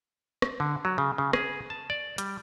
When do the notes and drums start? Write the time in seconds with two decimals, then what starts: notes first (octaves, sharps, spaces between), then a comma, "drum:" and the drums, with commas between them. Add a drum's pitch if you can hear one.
0.42 drum: rim click
0.60 D3
0.85 F#3
0.98 C#3
1.18 C#3
1.33 G#4, drum: rim click
1.70 A5
1.90 D5
2.18 G3, drum: hi-hat